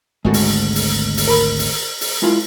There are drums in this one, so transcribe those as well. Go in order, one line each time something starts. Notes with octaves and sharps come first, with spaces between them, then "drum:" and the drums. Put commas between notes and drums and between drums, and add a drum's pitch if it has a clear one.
G#1 D2 G#2 G#3 F#4 A4
drum: open hi-hat
drum: open hi-hat
drum: open hi-hat
A#4 B5
drum: open hi-hat
drum: open hi-hat
G#3 E4 F4